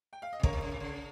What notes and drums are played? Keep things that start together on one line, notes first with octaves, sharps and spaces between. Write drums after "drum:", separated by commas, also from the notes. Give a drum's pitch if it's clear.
G5
F5
D#5
C3
C#3 A#4 C#5, drum: kick
C3
C#3
C3
C#3